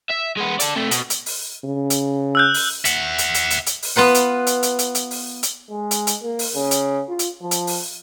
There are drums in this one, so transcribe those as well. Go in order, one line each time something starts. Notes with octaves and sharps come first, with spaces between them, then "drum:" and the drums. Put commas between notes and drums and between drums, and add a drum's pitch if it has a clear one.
E5
G#3 B3
A4 D5, drum: hi-hat
C3 A3
B2, drum: hi-hat
drum: hi-hat
drum: open hi-hat
C#3
drum: hi-hat
E6 F#6 G6
drum: open hi-hat
E5 F#5, drum: hi-hat
drum: hi-hat
drum: hi-hat
drum: hi-hat
drum: hi-hat
drum: open hi-hat
B3 F4 B4 F#5
drum: hi-hat
drum: hi-hat
drum: hi-hat
drum: hi-hat
drum: hi-hat
drum: open hi-hat
drum: hi-hat
G#3
drum: hi-hat
drum: hi-hat
A#3
drum: open hi-hat
C#3
drum: hi-hat
F4
drum: hi-hat
F3
drum: hi-hat
drum: open hi-hat